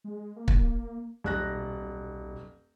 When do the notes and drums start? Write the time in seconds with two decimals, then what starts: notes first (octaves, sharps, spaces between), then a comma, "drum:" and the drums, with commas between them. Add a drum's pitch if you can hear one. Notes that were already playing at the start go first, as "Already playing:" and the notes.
0.04 G#3
0.36 A#3
0.48 drum: kick
1.24 D#1 B1 F#6 A#6